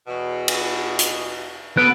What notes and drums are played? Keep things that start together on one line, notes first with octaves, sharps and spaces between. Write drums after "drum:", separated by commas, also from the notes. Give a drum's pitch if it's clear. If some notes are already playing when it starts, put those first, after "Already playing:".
E2 B2
drum: cymbal
drum: hi-hat
F#3 B3 A4 B4 F#6 D7